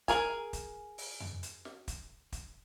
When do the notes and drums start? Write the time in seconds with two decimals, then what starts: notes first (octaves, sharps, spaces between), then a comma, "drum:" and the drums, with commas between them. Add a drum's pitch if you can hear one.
0.08 G#4 A#4 G#5, drum: kick, hi-hat
0.53 drum: kick, hi-hat
0.98 drum: open hi-hat
1.20 drum: tom F2
1.43 drum: hi-hat
1.65 drum: snare
1.88 drum: kick, hi-hat
2.32 drum: kick, hi-hat